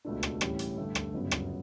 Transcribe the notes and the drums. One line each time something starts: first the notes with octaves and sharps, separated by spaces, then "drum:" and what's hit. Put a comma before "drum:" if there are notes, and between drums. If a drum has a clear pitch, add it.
C#2 B2 A3 D4
drum: rim click
A1 A2 G3 C#4, drum: rim click
drum: hi-hat
G2 D3 A3
drum: rim click
G1 F#2 C#3 F#3 B3
drum: rim click